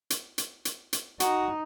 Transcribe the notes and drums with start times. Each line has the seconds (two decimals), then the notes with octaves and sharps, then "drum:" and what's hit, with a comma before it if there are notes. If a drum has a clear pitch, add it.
0.10 drum: hi-hat
0.38 drum: hi-hat
0.65 drum: hi-hat
0.93 drum: hi-hat
1.20 D#4 F#4, drum: hi-hat